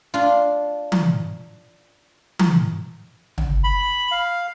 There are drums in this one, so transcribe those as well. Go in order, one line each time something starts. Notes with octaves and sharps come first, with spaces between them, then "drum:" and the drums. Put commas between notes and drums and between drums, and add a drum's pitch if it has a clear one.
D4 F4
drum: tom E3
drum: tom E3
drum: tom
B5
F5